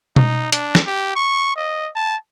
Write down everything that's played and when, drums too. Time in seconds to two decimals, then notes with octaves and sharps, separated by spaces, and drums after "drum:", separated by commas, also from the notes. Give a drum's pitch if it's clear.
0.16 D#4, drum: tom B2
0.52 D4, drum: hi-hat
0.75 drum: snare
0.87 G4
1.16 C#6
1.56 D#5
1.95 A5